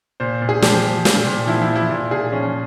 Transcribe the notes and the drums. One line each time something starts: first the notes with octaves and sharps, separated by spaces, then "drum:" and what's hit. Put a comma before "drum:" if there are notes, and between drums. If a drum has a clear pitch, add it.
A#2 C5
A#2
G#4
F3 G4, drum: snare
F3
A#2, drum: snare
A#2
F3 E4
E4
F3
E4
A#2
A#2 G#4
F3 C#4